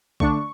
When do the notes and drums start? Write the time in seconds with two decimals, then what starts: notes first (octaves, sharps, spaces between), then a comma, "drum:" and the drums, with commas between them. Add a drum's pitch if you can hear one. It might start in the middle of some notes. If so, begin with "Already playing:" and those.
0.20 D3 A3 D4 C#6, drum: kick B1